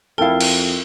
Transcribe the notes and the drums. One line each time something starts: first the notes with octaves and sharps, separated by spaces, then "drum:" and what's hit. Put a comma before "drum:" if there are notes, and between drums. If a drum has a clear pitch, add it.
F2 E4 A4 A#4 F5 G5
drum: cymbal